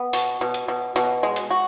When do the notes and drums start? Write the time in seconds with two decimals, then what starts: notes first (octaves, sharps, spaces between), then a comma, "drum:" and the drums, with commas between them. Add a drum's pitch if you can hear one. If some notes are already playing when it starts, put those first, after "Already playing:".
Already playing: B3
0.13 B2, drum: open hi-hat
0.41 B2
0.54 drum: hi-hat
0.68 B2
0.96 B2, drum: hi-hat
1.23 G#3
1.36 drum: hi-hat
1.51 F#4